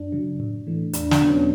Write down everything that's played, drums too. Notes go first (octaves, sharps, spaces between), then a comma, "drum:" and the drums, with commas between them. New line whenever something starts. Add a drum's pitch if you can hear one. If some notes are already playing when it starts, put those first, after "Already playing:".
Already playing: F#2 D4
C#3 F#3
A2
E3 A3
E2 D4, drum: hi-hat
D4, drum: snare
B2 F#3 B3
C#4